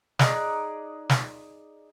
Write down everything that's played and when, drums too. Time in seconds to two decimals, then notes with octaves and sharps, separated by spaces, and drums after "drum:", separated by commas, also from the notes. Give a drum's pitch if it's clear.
0.19 D#4 G#4 D5 F#6, drum: snare
1.09 drum: snare